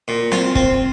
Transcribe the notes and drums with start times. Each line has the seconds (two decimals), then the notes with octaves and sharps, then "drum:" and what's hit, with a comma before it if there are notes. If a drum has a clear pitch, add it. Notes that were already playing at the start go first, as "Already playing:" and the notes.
0.08 A#2
0.32 C4 F4, drum: snare C4
0.55 C4, drum: kick